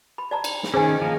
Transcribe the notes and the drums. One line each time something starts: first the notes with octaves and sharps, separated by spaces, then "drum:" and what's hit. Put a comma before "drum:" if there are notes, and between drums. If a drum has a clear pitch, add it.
B5
D5 A5 A#5
drum: cymbal
drum: snare
D#3 C#4 G#4 C5 G#5
F3 A#3